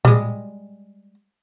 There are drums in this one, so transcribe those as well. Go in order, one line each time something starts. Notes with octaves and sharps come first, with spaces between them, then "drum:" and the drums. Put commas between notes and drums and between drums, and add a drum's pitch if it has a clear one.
G3 G#3, drum: tom A2